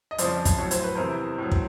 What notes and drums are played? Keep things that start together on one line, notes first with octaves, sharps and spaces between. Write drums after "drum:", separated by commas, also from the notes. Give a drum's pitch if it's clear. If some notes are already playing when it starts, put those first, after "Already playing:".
D#5
F2 C#3 F3 C5 D5, drum: hi-hat
drum: kick, hi-hat
A2 F#3 C#5
C5, drum: hi-hat
B4
E2 C3 E3 A#4 C5
A2 F#3
drum: kick